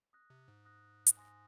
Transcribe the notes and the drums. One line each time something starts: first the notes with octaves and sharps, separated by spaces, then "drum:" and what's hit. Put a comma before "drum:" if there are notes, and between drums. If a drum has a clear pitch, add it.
D#6 F#6 A#6
C3
G#2
D#6 F#6 A#6
drum: hi-hat
G#5 C6 D#6 A#6